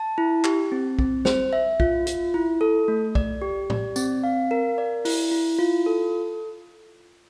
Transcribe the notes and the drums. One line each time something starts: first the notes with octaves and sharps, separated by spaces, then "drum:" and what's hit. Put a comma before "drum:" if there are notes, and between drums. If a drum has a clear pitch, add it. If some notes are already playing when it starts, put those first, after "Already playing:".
Already playing: A5
E4
G4, drum: clap
C4
C4, drum: kick B1
C5, drum: snare
E5
F4, drum: kick B1
F4, drum: hi-hat
E4
A4
A3
D5, drum: kick B1
G4
D5, drum: tom A2
C4, drum: tambourine
F5
A#4
D5
E4, drum: open hi-hat
E4
F4
A4